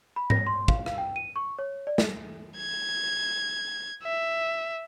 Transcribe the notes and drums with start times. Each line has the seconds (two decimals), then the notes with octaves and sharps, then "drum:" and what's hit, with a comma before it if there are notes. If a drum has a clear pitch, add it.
0.16 B5
0.30 A#6, drum: tom G#2
0.47 C6
0.68 F5, drum: kick
0.86 F5, drum: rim click
0.98 G5
1.16 D#7
1.36 C#6
1.59 C#5
1.87 D5
1.98 drum: snare
2.57 G#6
4.03 E5